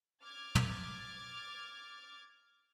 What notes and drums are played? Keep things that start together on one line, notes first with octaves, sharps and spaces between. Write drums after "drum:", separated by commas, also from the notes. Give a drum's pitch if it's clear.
D6 F6 G#6 A6
drum: tom